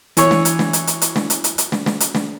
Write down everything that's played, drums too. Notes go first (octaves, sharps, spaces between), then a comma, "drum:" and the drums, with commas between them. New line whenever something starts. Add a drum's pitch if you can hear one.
E3 C#5, drum: hi-hat
drum: snare
drum: hi-hat
drum: snare
drum: hi-hat
drum: hi-hat
drum: hi-hat
drum: snare
drum: hi-hat
drum: hi-hat
drum: hi-hat
drum: snare
drum: snare
drum: hi-hat
drum: snare